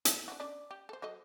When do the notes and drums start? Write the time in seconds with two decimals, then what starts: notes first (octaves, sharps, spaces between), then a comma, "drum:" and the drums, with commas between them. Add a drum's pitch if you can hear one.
0.05 E4 A4, drum: hi-hat
0.28 D4 D#4 F#4
0.40 C#4 D4 D5
0.71 G4
0.89 A4 C5
1.02 F#3 A4 D#5